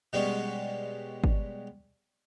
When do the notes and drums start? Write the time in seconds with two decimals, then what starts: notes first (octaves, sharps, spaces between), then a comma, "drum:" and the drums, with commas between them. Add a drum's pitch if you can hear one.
0.13 B2 G3 G#3 B3 C#4
1.24 drum: kick G#1